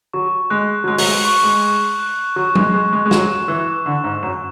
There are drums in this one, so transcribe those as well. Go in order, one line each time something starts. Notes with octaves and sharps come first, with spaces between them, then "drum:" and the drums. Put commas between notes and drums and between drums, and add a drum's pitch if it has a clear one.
F#3 C#6
G#3 F#6
F#3
G#3 F#6
F#3, drum: open hi-hat
G#3
C#6
G#3
C#6
F#6
F#3 C#6
G#3, drum: tom F#3
G#3 C#6
G#3
G#3
F#3 E7, drum: snare
E3 E6
D3 E7
G#2
F#2 E7